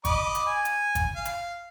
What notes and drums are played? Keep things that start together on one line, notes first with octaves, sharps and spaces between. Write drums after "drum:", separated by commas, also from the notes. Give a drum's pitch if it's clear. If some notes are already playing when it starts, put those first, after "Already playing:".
D#5 B5 D6, drum: kick, hi-hat
drum: hi-hat
G#5
drum: hi-hat
drum: kick, hi-hat
F5
drum: hi-hat